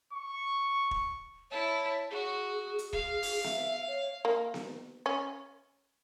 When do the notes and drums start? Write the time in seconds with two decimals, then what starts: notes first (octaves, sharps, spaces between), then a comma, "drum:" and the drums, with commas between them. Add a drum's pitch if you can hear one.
0.13 C#6
0.91 drum: kick
1.51 E4 C#5 A5
2.11 F#4 G#4
2.79 drum: hi-hat
2.93 F5, drum: kick
3.23 drum: open hi-hat
3.44 E5, drum: snare B3
3.88 C#5
4.25 A#3
4.54 drum: snare B3
5.06 C#4